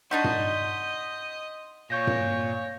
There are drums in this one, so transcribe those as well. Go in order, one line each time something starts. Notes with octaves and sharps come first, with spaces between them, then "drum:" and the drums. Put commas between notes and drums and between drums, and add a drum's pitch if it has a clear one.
D4 D#4 F#4 D#5 C6 G6 B6
drum: tom
A#2 C#5 C#6 G6 A#6
drum: tom